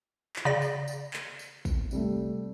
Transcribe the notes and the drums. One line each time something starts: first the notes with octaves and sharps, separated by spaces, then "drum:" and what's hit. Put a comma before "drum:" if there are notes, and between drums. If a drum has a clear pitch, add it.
drum: clap
C#3 D5 A#6
drum: tambourine
drum: tambourine
drum: clap
drum: tambourine
drum: kick, tambourine
C3 G3 A3, drum: tambourine